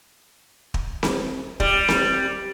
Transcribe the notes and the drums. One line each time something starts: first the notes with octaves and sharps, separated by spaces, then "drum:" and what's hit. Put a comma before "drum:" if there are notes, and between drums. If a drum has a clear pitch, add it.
drum: kick
drum: snare C4
G3, drum: kick
drum: snare C4